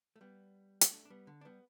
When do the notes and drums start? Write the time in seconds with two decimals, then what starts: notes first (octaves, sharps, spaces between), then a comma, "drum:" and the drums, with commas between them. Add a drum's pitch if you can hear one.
0.16 A3
0.21 G3 B3
0.81 drum: hi-hat
0.92 A3 D4
1.05 D4
1.10 G3 B3
1.27 D3
1.41 D4
1.45 G3 B3